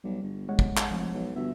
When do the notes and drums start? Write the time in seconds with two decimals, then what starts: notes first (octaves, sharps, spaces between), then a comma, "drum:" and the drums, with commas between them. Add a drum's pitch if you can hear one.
0.04 B1 G3
0.22 G1
0.49 G#3 C#5 F#5
0.59 drum: kick
0.77 drum: clap
0.90 F1 F3
1.14 B1
1.36 G1 B3 F#4 E5